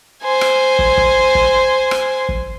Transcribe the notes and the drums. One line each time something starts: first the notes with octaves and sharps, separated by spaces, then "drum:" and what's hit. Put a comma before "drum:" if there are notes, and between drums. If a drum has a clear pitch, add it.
C5 G#5
drum: rim click
drum: kick
drum: kick
drum: kick
drum: rim click
drum: kick